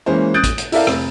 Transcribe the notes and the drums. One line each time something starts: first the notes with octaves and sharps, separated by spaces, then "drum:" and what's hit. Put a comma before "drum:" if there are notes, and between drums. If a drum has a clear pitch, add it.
E3 G#3 A#3 C#4 C5
D#6 F#6 G6 A6 D7
drum: kick, hi-hat
drum: hi-hat
E4 A4 A#4 D5 E5 F5, drum: open hi-hat
F1, drum: rim click